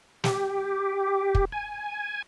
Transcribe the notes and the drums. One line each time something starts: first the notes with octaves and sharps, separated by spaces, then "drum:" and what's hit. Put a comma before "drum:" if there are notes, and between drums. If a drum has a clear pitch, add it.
G4, drum: snare
drum: kick
G#5